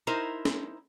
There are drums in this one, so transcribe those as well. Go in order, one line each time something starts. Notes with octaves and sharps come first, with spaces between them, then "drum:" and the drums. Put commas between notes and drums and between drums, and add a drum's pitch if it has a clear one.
D#4 E4 A#4 C5
drum: snare